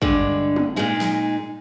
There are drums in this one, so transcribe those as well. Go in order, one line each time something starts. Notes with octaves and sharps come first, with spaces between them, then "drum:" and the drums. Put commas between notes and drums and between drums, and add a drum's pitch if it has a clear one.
G2 D3 G#3, drum: kick
drum: tom
A#2 G#3 D#4
drum: snare